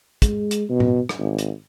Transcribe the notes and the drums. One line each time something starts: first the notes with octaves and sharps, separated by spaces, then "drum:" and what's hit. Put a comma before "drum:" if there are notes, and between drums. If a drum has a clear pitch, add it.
G#3, drum: kick, hi-hat
drum: hi-hat
B2
drum: tom A2
drum: rim click
G#1
drum: hi-hat